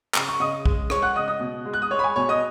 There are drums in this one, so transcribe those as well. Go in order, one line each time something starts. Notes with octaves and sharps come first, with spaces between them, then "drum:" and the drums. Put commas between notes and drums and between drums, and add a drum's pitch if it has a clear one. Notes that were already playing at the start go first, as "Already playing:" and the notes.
C#3, drum: clap
C#6
C#3 D#5 D#6
G#3, drum: kick
G#3 C#5 C#6, drum: rim click
F#5 F#6
C#3 D#5 D#6
D#5 D#6
B2
G#3
F#6
D#6
G#3 C#5 C#6
B5
G#5
B2 C#5 C#6
D#5 D#6